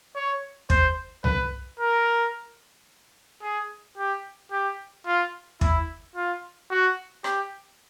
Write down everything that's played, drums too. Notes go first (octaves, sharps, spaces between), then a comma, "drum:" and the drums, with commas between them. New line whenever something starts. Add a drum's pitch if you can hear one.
C#5
C5, drum: kick
B4, drum: tom C2
A#4
G#4
G4
G4
F4
E4, drum: kick
F4
F#4
G4, drum: rim click